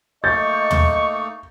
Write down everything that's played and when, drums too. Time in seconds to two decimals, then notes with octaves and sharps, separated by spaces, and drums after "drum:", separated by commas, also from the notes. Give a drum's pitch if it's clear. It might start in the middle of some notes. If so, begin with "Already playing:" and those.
0.24 A3 A#3 D#4 D#5 C#6 G6 A6
0.71 drum: tom